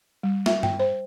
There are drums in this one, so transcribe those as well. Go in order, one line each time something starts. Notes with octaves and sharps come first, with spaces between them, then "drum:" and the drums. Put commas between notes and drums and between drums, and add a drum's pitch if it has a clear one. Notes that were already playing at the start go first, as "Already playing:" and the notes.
G3
E5, drum: snare
G5, drum: tom G2
C5